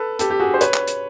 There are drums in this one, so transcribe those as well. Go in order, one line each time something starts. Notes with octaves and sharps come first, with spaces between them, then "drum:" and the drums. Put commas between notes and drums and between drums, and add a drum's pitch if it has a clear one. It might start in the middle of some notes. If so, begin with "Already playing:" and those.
Already playing: A4 B4
G4 A4, drum: hi-hat
G4
F#4 G#4
C5
B4 C#5, drum: hi-hat
drum: clap
drum: hi-hat